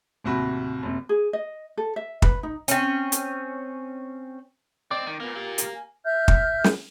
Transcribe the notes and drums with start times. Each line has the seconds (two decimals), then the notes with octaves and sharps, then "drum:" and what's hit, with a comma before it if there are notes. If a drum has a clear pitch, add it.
0.24 D1 D#2 C3 F#4 B5
0.83 F#1 C3
1.09 G#4
1.33 D#5
1.77 A4
1.96 E5
2.22 B4, drum: kick
2.43 D#4
2.68 C4 C#4, drum: hi-hat
3.12 drum: hi-hat
4.91 C4 D5 D#5 D6
5.07 D#3
5.20 A#2 A#3 B3 A#4
5.36 A#3 G4
5.58 drum: hi-hat
5.74 G#5
6.04 E5 F6 G6
6.28 drum: kick
6.64 drum: snare